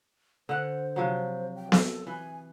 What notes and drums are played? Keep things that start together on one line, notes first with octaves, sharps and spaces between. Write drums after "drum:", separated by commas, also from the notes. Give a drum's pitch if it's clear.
D3 C5 F#5
C3 F3 F#3
G5
A4, drum: snare B3
E3 G#5